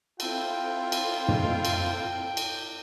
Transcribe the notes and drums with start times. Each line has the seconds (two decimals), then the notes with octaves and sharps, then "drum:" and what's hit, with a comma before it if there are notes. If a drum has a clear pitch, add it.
0.20 C4 E4 F4 A4 G5, drum: cymbal
0.92 drum: cymbal
1.28 drum: tom
1.65 drum: cymbal
2.37 drum: cymbal